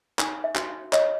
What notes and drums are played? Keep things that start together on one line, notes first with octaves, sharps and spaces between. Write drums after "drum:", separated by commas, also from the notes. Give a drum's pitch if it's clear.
D#4 G#5, drum: clap
E5
F#4, drum: clap
C#5 D#5, drum: clap